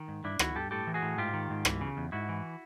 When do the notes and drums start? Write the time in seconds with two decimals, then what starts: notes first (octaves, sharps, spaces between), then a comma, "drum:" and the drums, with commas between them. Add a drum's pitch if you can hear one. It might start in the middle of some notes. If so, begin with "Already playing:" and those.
Already playing: D#3
0.08 G#2
0.24 G2 D4 E4
0.39 D#3 E4 F#4, drum: rim click
0.56 G2 G4 A4
0.71 A2 G4 A4
0.87 E3
0.94 F#4 G#4
1.02 A2
1.18 G#2 F4 G4
1.33 D#3
1.50 G#2
1.65 E3, drum: rim click
1.81 C#3
1.97 E2
2.12 G#2 E4 F#4
2.29 E3